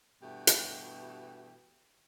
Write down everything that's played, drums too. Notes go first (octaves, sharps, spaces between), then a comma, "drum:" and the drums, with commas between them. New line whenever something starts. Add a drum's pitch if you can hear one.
G2 B2 E3 A3 F#4 G4
drum: hi-hat